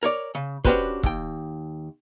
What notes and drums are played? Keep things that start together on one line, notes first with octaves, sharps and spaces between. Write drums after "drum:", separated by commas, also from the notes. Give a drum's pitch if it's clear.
A#4 C#5 D5
C#3
C#4 D4 F#4 G4 B4 C5, drum: kick
D#2 G5, drum: kick